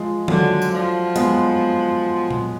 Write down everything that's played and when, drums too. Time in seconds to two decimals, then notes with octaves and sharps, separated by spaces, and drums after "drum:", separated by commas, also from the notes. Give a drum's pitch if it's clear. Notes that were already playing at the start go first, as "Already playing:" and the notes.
Already playing: F3 G#3
0.28 D3 F#3 A3, drum: tom D#3
0.62 drum: tambourine
0.72 F3
1.16 G#3 B3, drum: hi-hat
2.31 drum: tom A#2